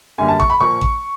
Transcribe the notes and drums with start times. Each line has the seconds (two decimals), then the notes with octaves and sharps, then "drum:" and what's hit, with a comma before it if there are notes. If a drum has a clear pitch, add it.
0.18 F#2 D3 G3 A#3 G#5
0.28 A5
0.40 C#6, drum: kick A1
0.50 B5
0.60 A#2 F3 A#3 C#6
0.81 drum: kick A1